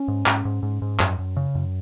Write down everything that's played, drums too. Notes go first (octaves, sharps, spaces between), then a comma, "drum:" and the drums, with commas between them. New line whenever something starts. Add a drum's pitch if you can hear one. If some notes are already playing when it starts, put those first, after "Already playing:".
Already playing: C#4
G#2
G#2, drum: clap
G#2
G#2
G#2
F#2, drum: clap
F#2
C#3
F#2